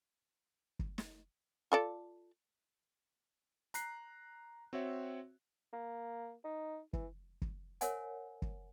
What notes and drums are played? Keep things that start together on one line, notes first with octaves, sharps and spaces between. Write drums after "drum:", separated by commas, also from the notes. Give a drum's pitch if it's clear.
drum: kick
drum: snare
F4 A4 D5
A#5 F#6 C7, drum: hi-hat
C4 F#4 C#5 E5
A#3
D#4
E3, drum: kick
drum: kick
A#4 C5 C#5 E5 F#5 G#5, drum: hi-hat
drum: kick